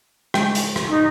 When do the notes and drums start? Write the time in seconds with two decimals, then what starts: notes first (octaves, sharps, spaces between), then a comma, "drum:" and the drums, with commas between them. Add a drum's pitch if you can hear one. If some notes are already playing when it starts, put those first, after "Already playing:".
0.34 G#3 E5 G5, drum: rim click
0.55 drum: hi-hat
0.76 drum: rim click
0.89 D#4